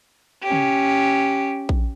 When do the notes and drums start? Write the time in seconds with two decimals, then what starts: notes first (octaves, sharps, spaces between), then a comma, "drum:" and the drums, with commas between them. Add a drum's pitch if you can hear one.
0.43 C#4 G4
0.52 drum: tom
1.69 drum: kick A#1